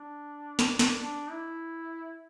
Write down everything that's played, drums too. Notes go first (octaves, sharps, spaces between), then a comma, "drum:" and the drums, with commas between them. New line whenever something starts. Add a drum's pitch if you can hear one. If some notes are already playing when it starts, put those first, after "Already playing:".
Already playing: D4
drum: snare
drum: snare
D4
E4